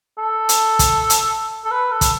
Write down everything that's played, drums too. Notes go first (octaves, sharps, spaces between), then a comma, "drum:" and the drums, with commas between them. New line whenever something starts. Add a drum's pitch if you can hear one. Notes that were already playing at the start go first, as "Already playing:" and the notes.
A4
drum: hi-hat
drum: kick, hi-hat
drum: hi-hat
A4
B4
A4
drum: kick, hi-hat